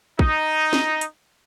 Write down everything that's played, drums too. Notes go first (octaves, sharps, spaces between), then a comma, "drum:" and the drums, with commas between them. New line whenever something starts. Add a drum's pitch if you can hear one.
D#4, drum: kick
drum: snare
drum: hi-hat